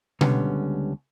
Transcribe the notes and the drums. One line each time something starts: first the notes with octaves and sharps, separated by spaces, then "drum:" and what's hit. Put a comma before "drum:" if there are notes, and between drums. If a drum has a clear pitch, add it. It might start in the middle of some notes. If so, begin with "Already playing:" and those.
C#2 D3 G3 B3 C#4, drum: tom B2